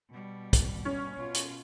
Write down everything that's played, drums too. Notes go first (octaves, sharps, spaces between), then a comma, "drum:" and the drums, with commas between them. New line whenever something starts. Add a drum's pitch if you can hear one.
B2 G3
drum: kick, hi-hat
C#4
B2 F4
drum: hi-hat